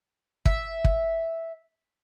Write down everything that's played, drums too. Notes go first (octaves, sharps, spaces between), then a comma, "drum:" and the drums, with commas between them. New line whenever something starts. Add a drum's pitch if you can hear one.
E5, drum: kick
drum: kick